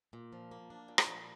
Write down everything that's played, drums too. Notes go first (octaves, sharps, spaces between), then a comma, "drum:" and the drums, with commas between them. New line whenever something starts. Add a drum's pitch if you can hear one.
A#2
F3
A#3
D4
A#2
drum: rim click
F3